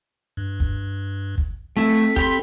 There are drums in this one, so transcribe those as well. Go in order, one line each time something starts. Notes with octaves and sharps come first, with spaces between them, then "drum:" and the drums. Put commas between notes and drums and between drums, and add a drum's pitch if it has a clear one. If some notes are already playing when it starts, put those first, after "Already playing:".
G2
drum: kick
drum: kick
A3 C4 E4 A4 B6
G4 B5 C6, drum: kick